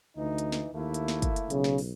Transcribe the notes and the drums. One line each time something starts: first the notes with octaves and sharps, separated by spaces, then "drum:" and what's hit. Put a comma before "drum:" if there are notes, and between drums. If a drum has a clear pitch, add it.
D2 E3 D#4
drum: hi-hat
drum: snare
D#2 A3 A#3 E4
drum: hi-hat
drum: snare
drum: kick, hi-hat
drum: hi-hat
B1 C#3, drum: hi-hat
drum: snare
drum: open hi-hat